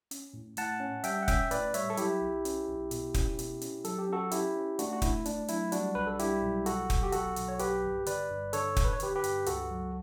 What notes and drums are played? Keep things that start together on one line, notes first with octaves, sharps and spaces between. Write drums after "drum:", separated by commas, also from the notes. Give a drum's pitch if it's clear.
C#4, drum: hi-hat
A2
A2 F#5 A5, drum: hi-hat
C#4
G3 E5 G5, drum: hi-hat
F#5
C#4 E5 G5, drum: kick, hi-hat
A2 B4 D5, drum: hi-hat
G3 C#5 E5, drum: hi-hat
A4
F#3 E4 G4, drum: hi-hat
B1
C#4, drum: hi-hat
B1
B2, drum: hi-hat
C#4, drum: kick, hi-hat
B2, drum: hi-hat
C#4, drum: hi-hat
F#3 A4, drum: hi-hat
G4
C#4 F#4 A4
C#4 E4 G4, drum: hi-hat
C#4
A3 D4 F#4, drum: hi-hat
F#4
A3 E4, drum: kick, hi-hat
A3 D4, drum: hi-hat
F#3 E4, drum: hi-hat
G3 D4 F#4, drum: hi-hat
B1 B4
A4
G3 E4 G4, drum: hi-hat
B1
B1 F#4 A4, drum: hi-hat
B1, drum: kick, hi-hat
G4
B1 F#4 A4, drum: hi-hat
B1, drum: hi-hat
C#5
G1 G4 B4, drum: hi-hat
G1
D3 B4 D5, drum: hi-hat
G2
D3 A4 C#5, drum: hi-hat
D3, drum: kick, hi-hat
B4
C#5
D3 G4 B4, drum: hi-hat
G4 B4
G2, drum: hi-hat
C#2 F#4 A4, drum: hi-hat
F#3